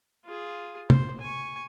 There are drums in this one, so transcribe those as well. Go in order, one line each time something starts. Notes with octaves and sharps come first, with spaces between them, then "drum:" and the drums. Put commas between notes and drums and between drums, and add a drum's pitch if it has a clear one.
F4 G#4
C5, drum: tom
G#5 C#6